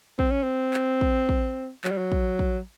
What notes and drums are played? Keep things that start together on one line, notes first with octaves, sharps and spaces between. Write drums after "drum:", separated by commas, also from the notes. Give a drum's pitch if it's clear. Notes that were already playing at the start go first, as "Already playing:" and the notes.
C4, drum: kick
C#4
C4
drum: clap
drum: kick
drum: kick
F#3, drum: clap
G3
F#3
drum: kick
drum: kick